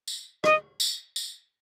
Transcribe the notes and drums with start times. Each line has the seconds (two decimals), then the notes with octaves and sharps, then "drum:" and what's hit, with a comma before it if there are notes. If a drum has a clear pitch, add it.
0.08 drum: tambourine
0.44 D#5, drum: rim click
0.80 drum: tambourine
1.16 drum: tambourine